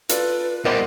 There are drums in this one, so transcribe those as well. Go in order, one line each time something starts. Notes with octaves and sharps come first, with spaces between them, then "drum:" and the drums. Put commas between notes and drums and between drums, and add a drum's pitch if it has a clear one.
F4 A4 B4 D5, drum: hi-hat
E2 G3 A#4 C5 D5 D#5 F#5 C6